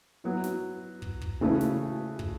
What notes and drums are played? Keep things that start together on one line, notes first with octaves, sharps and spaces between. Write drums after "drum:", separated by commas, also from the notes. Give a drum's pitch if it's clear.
F#3 B3 E4
drum: snare
drum: kick
drum: kick
C#3 E3 A3 C#4
drum: snare
drum: kick